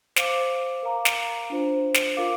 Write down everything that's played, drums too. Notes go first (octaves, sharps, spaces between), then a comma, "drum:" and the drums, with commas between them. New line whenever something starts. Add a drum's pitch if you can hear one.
C5 F5 D6, drum: snare
A#4 F5 A#5 D6
drum: snare
D4 F4 C5
drum: snare
F4 A#4 F5 D6